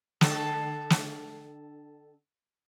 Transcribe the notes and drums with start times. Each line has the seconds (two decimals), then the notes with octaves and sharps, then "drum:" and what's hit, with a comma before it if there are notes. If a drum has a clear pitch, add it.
0.21 D3 A4, drum: snare
0.90 drum: snare